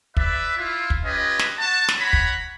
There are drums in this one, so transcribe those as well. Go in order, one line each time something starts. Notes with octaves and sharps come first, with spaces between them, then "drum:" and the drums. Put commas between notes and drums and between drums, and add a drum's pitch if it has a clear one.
B4 D5 E5, drum: kick
E4 F4
drum: kick
C#4 F4 G4 B4 D#5
drum: snare
F#4 A5
drum: snare
C#5 F#5 A#5 B5
drum: kick